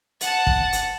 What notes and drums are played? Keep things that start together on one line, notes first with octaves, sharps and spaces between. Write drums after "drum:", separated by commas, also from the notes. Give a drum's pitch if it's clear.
F#5 A5, drum: hi-hat
drum: kick
drum: hi-hat